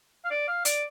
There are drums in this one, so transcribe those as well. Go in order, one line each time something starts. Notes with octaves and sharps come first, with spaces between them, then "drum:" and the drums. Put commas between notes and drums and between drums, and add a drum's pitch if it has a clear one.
F5
D5
F5
D5, drum: hi-hat